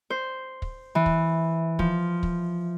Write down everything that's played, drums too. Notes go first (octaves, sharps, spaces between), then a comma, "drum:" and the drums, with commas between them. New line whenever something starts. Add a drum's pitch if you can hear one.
C5
drum: kick
E3
drum: kick
F3, drum: kick
drum: kick